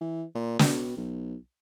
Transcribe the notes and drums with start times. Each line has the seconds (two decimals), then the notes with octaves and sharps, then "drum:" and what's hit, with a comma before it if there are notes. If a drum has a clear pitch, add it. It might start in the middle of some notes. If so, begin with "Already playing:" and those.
0.01 E3
0.35 A#2
0.59 B2, drum: snare
0.97 B1